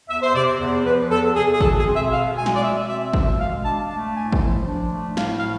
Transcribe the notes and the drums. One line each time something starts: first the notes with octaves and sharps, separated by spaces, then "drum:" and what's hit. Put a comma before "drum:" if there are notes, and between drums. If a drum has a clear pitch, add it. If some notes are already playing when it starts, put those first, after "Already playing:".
E2 E5
C5
C3 D5
E2
F3 B4
E2 A4
C3 G#4
G#4
B2 A4, drum: kick
G#4
C4
E5
B2 F5
G#3 G#5
drum: snare
D5
B2 E5
C4 E5
B2 E5, drum: kick
G#3 F5
D4 A5
A3 A5
A2 G#5
drum: kick
F3
D4
A3
A2 F5, drum: snare
F5
F3